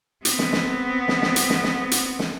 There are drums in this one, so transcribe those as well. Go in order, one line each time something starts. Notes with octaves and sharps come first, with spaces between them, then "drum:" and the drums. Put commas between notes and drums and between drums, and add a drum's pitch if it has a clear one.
B3 C4, drum: hi-hat
drum: snare
drum: snare
drum: snare
drum: snare
drum: hi-hat
drum: snare
drum: snare
drum: hi-hat
drum: snare